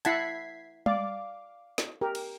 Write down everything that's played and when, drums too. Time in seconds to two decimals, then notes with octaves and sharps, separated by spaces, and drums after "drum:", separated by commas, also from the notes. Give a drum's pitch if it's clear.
0.05 E4 F#5 A5 G#6 B6 C7, drum: hi-hat
0.86 D5 F5 D6, drum: tom G3
1.78 drum: snare
2.01 G4 A#4
2.15 drum: cymbal